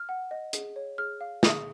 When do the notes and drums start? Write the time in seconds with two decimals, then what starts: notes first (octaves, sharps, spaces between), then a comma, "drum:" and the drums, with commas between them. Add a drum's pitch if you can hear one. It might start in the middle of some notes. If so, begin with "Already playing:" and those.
Already playing: F6
0.09 F#5
0.31 D#5
0.53 G#4, drum: hi-hat
0.76 C#5
0.98 G#4 F6
1.21 F5
1.43 G#4 D#6, drum: snare